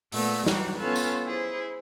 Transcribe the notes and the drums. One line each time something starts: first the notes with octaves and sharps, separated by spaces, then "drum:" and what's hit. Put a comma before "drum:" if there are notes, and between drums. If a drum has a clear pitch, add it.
A#2 A3 B3 E6, drum: open hi-hat
E3 F#3 G3 D#4 F#4, drum: snare
B3 C#4 F4 A4 B4
drum: tambourine
E4 G#4 C5